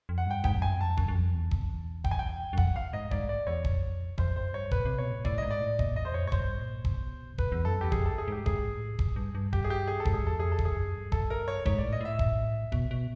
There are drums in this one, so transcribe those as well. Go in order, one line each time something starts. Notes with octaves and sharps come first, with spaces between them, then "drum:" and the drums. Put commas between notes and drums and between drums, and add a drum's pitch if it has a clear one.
F2
F#5
G2 G5
G#2 G5, drum: kick
F2
F#2 G#5
F2 A5
F#2, drum: kick
F#2
F2
E2
drum: kick
G5, drum: kick
G#5
G5
F#2
F2 F#5, drum: kick
F5
G#2 D#5
G#2 D5, drum: kick
D5
E2 C#5
F2, drum: kick
F#2
F2
F2 C5, drum: kick
F#2 C5
G2 C#5
A#2 B4, drum: kick
C3
B2 C#5
A2
A2 D5, drum: kick
G#2 D#5
D5
A2
A#2 D#5, drum: kick
E2 D#5
C5
F2 C#5
G#2 C#5
G2 C5, drum: kick
A#2
B2, drum: kick
F2
F#2 B4, drum: kick
E2
F#2 A4
E2 G4
F2 G#4, drum: kick
A4
G#4
G#2 G4
G#2 G#4, drum: kick
A2
drum: kick
G2
G2
G4, drum: kick
G#4
G4
G#4
A4
G#2, drum: kick
G#4
E2 A4
F2 G#4
A4
E2, drum: kick
G#4
F#2
G2
A4, drum: kick
A#4
C#5
G#2 C#5, drum: kick
A2 D5
D#5
A2 E5
drum: kick
B2, drum: kick
B2